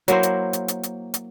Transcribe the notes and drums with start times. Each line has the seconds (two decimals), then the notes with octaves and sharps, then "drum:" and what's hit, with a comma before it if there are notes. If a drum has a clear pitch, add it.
0.08 F#3 A#3 E4 C5, drum: hi-hat
0.23 drum: hi-hat
0.53 drum: hi-hat
0.68 drum: hi-hat
0.83 drum: hi-hat
1.14 drum: hi-hat